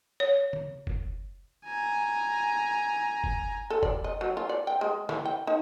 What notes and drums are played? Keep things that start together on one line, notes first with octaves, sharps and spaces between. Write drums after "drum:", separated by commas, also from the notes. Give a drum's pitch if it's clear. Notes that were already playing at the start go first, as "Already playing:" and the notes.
C#5
drum: tom C#3
drum: kick
G#5 A#5
drum: kick
A4
D5, drum: kick
D#5
F#3
F4
D5
G5
G#3
E3, drum: snare
G5
D#4